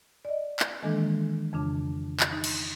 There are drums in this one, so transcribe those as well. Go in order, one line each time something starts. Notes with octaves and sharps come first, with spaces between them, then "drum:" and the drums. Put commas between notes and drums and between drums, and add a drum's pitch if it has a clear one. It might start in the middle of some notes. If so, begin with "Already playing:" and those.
D5 D#5
drum: clap
D#3 E3 G#3 A#3 D4 A4
F2 C#3 D4 A5
drum: clap
D#4
drum: cymbal